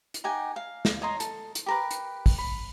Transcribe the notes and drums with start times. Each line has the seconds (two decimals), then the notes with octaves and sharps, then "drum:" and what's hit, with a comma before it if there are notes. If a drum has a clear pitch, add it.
0.14 drum: hi-hat
0.24 D#4 G4 F#5 G#5
0.56 F5
0.85 drum: snare
1.02 C#5 D#5 A#5 C6
1.20 A4, drum: hi-hat
1.55 drum: hi-hat
1.66 G4 A#4 B4
1.91 drum: hi-hat
2.26 drum: kick, open hi-hat
2.38 B5